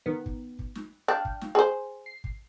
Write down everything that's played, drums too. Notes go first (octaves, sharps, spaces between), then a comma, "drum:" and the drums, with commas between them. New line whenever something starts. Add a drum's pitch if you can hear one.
D#3 B3
drum: kick
drum: kick
drum: snare
D4 F5 G5
drum: kick
drum: snare
G#4 C5
C7
drum: kick